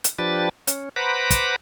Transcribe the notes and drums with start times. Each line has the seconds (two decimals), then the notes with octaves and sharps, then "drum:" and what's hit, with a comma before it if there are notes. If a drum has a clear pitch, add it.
0.04 drum: hi-hat
0.19 F3 D4 G4 B4 A6
0.67 C#4, drum: hi-hat
0.96 B4 C5 F#5 A#5 B5 D6
1.30 drum: kick, hi-hat